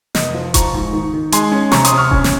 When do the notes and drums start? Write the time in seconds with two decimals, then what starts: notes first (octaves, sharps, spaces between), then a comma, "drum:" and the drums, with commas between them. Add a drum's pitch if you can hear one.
0.15 F1 D#5, drum: snare
0.34 F3
0.54 F3 A#5 C#6, drum: kick E1, hi-hat
0.74 G#2
0.93 D#3
1.14 D#3
1.32 G#3 G#5 C6, drum: hi-hat
1.52 C#4
1.72 C3 A#5 C#6, drum: snare
1.85 C6 D#6, drum: hi-hat
1.92 C3
1.97 C#6 F6
2.11 C#4, drum: kick E1
2.24 drum: snare